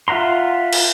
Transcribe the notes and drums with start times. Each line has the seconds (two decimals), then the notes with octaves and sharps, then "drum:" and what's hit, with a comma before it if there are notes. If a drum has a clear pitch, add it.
0.08 F4 E5 F#5 A#5 C6
0.73 drum: cymbal